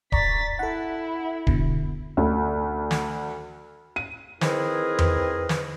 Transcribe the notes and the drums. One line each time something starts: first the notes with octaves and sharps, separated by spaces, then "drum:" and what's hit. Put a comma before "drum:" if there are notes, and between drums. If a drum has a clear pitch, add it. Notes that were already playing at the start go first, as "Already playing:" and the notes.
D5 A#5 C#6 A6 B6, drum: kick D1
E4 A4 F#5
B2 D3, drum: kick D1
D2
drum: snare
D#7
C4 D#4 E4 G#4 A#4 B4, drum: snare
drum: tom E2
drum: snare